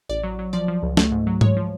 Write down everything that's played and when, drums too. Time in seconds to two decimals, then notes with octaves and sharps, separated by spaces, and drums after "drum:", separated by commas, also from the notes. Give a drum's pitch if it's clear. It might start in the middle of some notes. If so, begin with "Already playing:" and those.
0.09 A1 D5
0.24 F#3
0.39 F#3
0.53 F3 D5
0.68 F3
0.83 C#2
0.97 A3, drum: snare
1.12 G#2
1.27 F#3
1.41 G#3 C#5, drum: tom G#2
1.57 F3